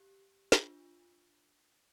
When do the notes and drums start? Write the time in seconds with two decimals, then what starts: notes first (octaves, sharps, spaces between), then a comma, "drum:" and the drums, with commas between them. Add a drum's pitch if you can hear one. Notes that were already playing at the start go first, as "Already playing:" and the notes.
Already playing: G4
0.52 D4 F4, drum: snare